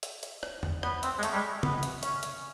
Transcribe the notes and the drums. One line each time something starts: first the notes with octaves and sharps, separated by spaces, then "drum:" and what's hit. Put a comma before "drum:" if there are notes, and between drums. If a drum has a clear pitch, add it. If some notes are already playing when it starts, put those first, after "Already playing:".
drum: hi-hat
drum: hi-hat
drum: rim click
drum: tom E2
B3, drum: rim click
C4, drum: hi-hat
G#3
A3, drum: hi-hat
G3
G#3
B3, drum: tom
drum: hi-hat
C#4, drum: hi-hat
drum: hi-hat